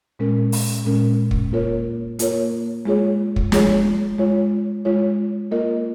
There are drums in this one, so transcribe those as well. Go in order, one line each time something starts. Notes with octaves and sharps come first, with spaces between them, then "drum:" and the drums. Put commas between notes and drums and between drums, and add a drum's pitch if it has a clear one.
A#2 G#3 C#4 A#4
drum: open hi-hat
A#2 G#3 C#4 A#4
drum: kick
A#3 F4 A#4 C#5
A#3 F4 A#4 C#5, drum: hi-hat
G#3 F4 G#4 C#5
drum: kick
G#3 F4 G#4 C#5, drum: snare
G#3 F4 C#5
G#3 F4 C#5
A#3 F4 A#4 D#5